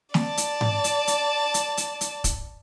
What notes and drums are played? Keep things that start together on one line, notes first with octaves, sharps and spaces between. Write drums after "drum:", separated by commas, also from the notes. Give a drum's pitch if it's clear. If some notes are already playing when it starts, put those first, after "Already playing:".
D5 A5, drum: snare
drum: hi-hat
drum: tom G#2
drum: hi-hat
drum: hi-hat
drum: hi-hat
drum: hi-hat
drum: hi-hat
drum: kick, hi-hat